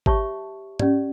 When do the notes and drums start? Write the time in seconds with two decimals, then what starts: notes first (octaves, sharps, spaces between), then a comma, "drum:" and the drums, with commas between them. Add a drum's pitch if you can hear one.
0.06 G4 C#5 E5 A5 C#6, drum: kick G#1
0.80 C#4 G4 D5, drum: tom